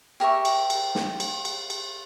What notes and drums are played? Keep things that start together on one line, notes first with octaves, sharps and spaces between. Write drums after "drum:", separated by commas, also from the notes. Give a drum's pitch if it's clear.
G4 A#4 E5 C#6
drum: cymbal
drum: cymbal
drum: snare
drum: cymbal
drum: cymbal
drum: cymbal